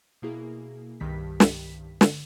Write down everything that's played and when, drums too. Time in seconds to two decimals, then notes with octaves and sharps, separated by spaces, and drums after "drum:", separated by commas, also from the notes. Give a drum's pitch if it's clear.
0.22 B2 A#3 E4 G#4
1.00 C2 G2 D#3 G4 B6
1.40 drum: snare
2.01 D3, drum: snare